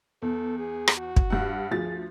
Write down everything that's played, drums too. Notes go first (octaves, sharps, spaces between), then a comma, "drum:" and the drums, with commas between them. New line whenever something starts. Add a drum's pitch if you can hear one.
E2 A4
G#4
drum: rim click
F#4
drum: kick
G2 F#5
D2 F3 G#4 A6